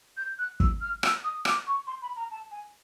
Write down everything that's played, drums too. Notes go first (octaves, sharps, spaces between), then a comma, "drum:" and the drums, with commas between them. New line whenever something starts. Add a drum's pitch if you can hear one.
G6
F#6
E6, drum: kick
F6
E6, drum: rim click
D#6
D6, drum: rim click
C#6
C6
B5
A#5
A5
G#5